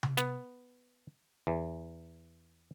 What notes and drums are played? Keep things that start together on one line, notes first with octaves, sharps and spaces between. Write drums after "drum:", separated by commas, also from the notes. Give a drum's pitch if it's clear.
drum: tom C3
B3, drum: snare
E2